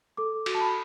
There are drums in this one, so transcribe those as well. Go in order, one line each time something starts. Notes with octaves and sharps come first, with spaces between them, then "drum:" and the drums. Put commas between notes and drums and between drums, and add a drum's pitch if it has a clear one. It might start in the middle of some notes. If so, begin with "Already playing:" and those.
A4 D6
F#4, drum: cymbal
A5
B5